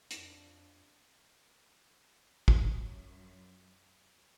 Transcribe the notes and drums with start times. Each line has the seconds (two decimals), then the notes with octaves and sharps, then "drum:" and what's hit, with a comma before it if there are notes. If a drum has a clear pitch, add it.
0.11 F2 D4, drum: hi-hat
2.48 F#2 F#3, drum: kick